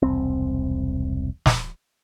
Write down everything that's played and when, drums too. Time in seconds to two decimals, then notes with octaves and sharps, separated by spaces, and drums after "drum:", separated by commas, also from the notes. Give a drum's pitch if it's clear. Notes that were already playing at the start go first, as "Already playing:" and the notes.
0.02 E1 C2 C4
1.46 drum: snare